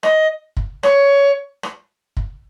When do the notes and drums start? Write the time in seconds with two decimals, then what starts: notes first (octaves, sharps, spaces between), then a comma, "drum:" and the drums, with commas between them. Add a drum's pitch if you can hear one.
0.03 D#5, drum: rim click
0.57 drum: kick
0.83 C#5, drum: rim click
1.63 drum: rim click
2.17 drum: kick